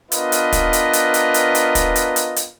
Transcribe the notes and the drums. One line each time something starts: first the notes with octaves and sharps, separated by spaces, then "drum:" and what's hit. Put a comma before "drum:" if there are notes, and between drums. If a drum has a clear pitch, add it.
B3 D4 F4 A#4 B4 D#5, drum: hi-hat
drum: hi-hat
drum: kick, hi-hat
drum: hi-hat
drum: hi-hat
drum: hi-hat
drum: hi-hat
drum: hi-hat
drum: kick, hi-hat
drum: hi-hat
drum: hi-hat
drum: hi-hat